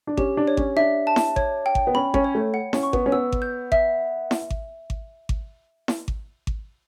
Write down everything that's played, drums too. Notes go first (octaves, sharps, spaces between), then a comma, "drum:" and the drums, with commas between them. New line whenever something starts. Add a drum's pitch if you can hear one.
D4
C#4 G4, drum: kick G#1
D4
C#5
C#4, drum: kick G#1
D4 E5
A5
drum: snare E4
C#5, drum: kick G#1
G5
drum: kick G#1
B3
C#4 B5
C#4, drum: kick G#1
C#5
A3
F#5
C#4, drum: snare E4
C#6
B3, drum: kick G#1
C#4
B3 E6
drum: kick G#1
G6
E5, drum: kick G#1
drum: snare E4
drum: kick G#1
drum: kick G#1
drum: kick G#1
drum: snare E4
drum: kick G#1
drum: kick G#1